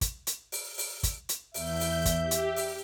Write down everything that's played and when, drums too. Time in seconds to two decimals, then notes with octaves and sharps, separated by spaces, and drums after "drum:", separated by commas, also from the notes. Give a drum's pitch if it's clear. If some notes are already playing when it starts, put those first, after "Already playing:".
0.01 drum: kick, hi-hat
0.27 drum: hi-hat
0.52 drum: open hi-hat
0.78 drum: open hi-hat
1.03 drum: kick, hi-hat
1.29 drum: hi-hat
1.54 E2 E5 G6, drum: open hi-hat
1.80 drum: open hi-hat
2.05 drum: kick, hi-hat
2.21 G4
2.31 drum: hi-hat
2.56 drum: open hi-hat